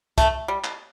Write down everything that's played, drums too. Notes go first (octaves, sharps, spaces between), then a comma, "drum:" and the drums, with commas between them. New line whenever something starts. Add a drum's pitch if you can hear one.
A3, drum: kick, hi-hat
G3
drum: clap